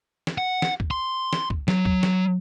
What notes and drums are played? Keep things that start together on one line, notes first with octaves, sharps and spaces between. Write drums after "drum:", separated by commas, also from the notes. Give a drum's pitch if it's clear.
drum: snare
F#5
drum: snare
drum: kick C#2
C6
drum: snare
drum: kick C#2
F#3, drum: snare
drum: kick C#2
drum: snare